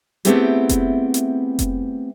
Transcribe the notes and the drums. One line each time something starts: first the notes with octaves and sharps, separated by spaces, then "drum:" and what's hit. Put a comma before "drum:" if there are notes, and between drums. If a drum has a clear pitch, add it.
A3 B3 C4 E4 G4 G#4, drum: hi-hat
drum: kick F1, hi-hat
drum: hi-hat
drum: kick F1, hi-hat